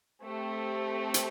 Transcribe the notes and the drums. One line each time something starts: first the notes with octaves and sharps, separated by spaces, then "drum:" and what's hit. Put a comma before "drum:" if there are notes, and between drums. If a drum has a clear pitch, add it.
A3 C4 G4
drum: hi-hat